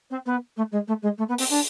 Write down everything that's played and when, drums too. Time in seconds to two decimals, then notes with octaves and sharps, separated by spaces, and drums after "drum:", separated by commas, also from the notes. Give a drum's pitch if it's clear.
0.10 C4
0.25 B3
0.56 A3
0.71 G#3
0.87 A3
1.02 G#3
1.18 A3
1.28 B3
1.38 C4, drum: open hi-hat
1.50 D4